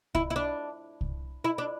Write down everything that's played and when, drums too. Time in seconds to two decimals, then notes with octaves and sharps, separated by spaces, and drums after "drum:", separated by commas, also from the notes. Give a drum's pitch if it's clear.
0.15 E4, drum: kick C2
0.30 E4
0.36 D4
1.01 drum: kick C2
1.44 E4
1.58 D4